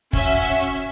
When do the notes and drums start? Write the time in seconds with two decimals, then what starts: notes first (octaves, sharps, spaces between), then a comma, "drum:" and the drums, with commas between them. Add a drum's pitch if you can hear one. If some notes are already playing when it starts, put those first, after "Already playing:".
0.13 C#4 F#4 E5, drum: kick